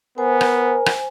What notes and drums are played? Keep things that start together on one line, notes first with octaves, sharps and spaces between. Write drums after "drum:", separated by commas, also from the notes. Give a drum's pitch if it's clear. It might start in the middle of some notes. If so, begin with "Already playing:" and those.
B3 A#4 C5 G#5
drum: rim click
drum: rim click